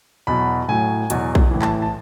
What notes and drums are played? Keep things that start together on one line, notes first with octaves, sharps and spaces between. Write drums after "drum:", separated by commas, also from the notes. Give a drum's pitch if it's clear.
E2 B2 F#3 B5
A2 F#3 G#5
E2 B2 F#3, drum: hi-hat
drum: kick A#1
A2 E3
A5, drum: clap
A5